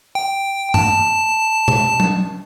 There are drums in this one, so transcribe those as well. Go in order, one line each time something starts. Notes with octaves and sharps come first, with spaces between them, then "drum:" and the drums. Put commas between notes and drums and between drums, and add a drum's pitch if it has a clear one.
G5
A5, drum: tom G2
drum: tom B2
drum: tom